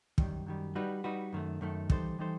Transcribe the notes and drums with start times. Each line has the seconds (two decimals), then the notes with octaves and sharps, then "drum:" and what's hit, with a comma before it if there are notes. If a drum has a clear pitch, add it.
0.18 F#2 D#3 G3, drum: kick
0.46 F#2 D#3 G3
0.75 G3 D#4 F#4 B4
1.04 G3 D#4 F#4 B4
1.33 F#2 D#3 A3
1.61 F#2 D#3 A3
1.90 E3 G3 D#4 A4 C5, drum: kick
2.19 E3 G3 D#4 A4 C5